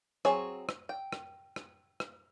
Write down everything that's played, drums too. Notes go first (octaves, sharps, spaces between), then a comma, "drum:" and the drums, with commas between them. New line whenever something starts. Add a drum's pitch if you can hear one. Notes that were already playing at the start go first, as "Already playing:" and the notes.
F#3 C4 G#4 C#5, drum: rim click
drum: rim click
G5
drum: rim click
drum: rim click
drum: rim click